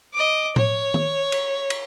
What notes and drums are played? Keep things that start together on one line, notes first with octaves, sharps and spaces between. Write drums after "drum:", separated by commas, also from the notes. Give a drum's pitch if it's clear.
D#5 D6
C#5, drum: tom A2
drum: tom D#3
drum: cymbal
drum: cymbal